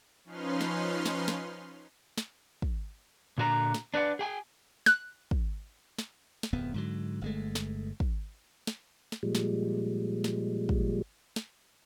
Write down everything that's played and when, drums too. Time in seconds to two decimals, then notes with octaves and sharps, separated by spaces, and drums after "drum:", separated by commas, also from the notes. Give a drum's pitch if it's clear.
0.24 F3 C#4 D#4 B4 C6 F6
0.61 drum: snare
1.05 drum: snare
1.28 drum: snare
2.18 drum: snare
2.62 drum: kick
3.38 A#2 D3 F#4 A#4 A#5
3.74 drum: snare
3.94 D4 B4 D5 F#5
4.19 G#4 G5 G#5
4.86 F#6, drum: snare
5.31 drum: kick
5.98 drum: snare
6.43 drum: snare
6.53 D1 F2 B3
6.74 G#2 D3 F#3
7.21 G1 G#3 A3
7.55 drum: snare
8.00 drum: kick
8.67 drum: snare
9.12 drum: snare
9.23 A#2 F3 G3 G#3
9.35 drum: snare
10.24 drum: snare
10.69 drum: kick
11.36 drum: snare